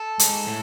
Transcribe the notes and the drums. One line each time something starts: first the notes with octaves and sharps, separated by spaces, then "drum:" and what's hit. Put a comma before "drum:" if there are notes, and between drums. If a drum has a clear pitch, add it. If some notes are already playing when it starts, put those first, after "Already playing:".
Already playing: A4
G#2, drum: hi-hat
A2